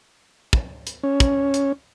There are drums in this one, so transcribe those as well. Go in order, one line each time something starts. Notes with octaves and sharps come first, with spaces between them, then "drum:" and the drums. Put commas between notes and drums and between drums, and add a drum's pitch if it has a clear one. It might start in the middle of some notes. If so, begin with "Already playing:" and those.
drum: kick
drum: hi-hat
C#4
drum: kick, hi-hat
drum: hi-hat